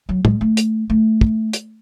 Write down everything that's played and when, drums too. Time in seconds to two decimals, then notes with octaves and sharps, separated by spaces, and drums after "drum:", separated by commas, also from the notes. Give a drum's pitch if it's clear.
0.09 F#3
0.25 G#3, drum: tom
0.41 A3
0.57 drum: hi-hat
0.90 A3
1.21 drum: kick
1.53 drum: hi-hat